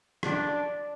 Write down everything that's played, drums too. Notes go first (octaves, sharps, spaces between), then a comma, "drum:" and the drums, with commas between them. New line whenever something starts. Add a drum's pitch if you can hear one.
D4 D5, drum: rim click